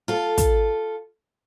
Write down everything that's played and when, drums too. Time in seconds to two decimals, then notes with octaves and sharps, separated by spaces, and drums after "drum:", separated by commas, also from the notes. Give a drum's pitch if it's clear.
0.08 F4 A4
0.38 drum: kick, hi-hat